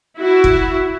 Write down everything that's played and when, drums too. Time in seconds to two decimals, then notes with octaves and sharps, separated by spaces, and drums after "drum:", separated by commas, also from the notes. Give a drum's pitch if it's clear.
0.17 E4 F#4
0.44 drum: kick